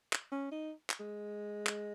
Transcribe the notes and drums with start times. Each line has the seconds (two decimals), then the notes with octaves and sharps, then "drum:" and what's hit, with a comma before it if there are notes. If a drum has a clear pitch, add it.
0.13 drum: clap
0.32 C#4
0.51 D#4
0.90 drum: clap
1.00 G#3
1.67 drum: clap